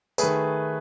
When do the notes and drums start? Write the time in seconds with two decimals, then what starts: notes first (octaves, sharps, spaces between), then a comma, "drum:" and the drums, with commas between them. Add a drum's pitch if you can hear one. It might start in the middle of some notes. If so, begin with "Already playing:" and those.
0.18 D#3 A3 G#4 B4, drum: tambourine